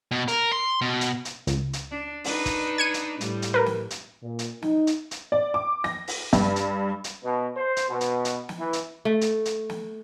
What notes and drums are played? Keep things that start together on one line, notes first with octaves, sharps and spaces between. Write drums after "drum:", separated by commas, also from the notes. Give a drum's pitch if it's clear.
B2
A#4, drum: hi-hat
C6
B2
drum: hi-hat
drum: hi-hat
C#2, drum: hi-hat
drum: hi-hat
D4
D4 D#4 B4, drum: open hi-hat
drum: kick, hi-hat
G#6 C#7 D#7
drum: hi-hat
A2 G3, drum: hi-hat
drum: hi-hat
A#4 B4
drum: snare
drum: hi-hat
A#2
drum: hi-hat
D#4, drum: snare
drum: hi-hat
drum: hi-hat
D5
D6
A#6, drum: snare
drum: open hi-hat
G2, drum: kick, hi-hat
drum: hi-hat
drum: hi-hat
B2
C5
drum: hi-hat
B2
drum: hi-hat
drum: hi-hat
drum: snare
E3
drum: hi-hat
A3
drum: hi-hat
drum: hi-hat
drum: snare